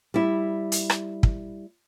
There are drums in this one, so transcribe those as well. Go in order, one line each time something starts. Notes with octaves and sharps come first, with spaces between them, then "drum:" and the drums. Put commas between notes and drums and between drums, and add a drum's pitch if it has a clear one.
G3 E4
drum: hi-hat
drum: rim click
drum: kick